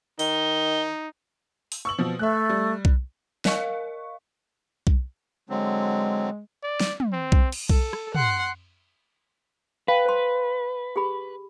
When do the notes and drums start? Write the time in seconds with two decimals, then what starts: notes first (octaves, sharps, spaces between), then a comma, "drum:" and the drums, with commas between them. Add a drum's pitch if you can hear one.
0.19 D#3 D#4 G7, drum: open hi-hat
1.72 drum: open hi-hat
1.85 C#6 E6 F#7
1.98 B2 F3
2.19 A3 E5 F#6
2.49 G3
2.85 drum: kick B1
3.45 A#4 D#5 F5 C#6, drum: snare
4.87 drum: kick B1
5.50 D3 F#3 G#3 C4
6.63 D5
6.80 drum: snare
7.00 drum: tom
7.12 C4
7.32 drum: kick B1
7.52 drum: cymbal
7.69 A4, drum: kick B1
7.93 drum: rim click
8.15 F#5 C6, drum: tom
9.88 B4 F5 G5
10.06 C5 C6
10.96 G4 G#4 B5